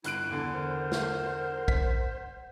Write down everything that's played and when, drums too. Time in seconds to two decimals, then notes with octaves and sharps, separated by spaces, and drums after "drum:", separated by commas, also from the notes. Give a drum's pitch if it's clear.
0.04 G1 G3 E4 F#6 D7, drum: hi-hat
0.30 E2 D3 F#5 G#5
0.54 A#4 C5
0.92 drum: snare
1.68 B6, drum: kick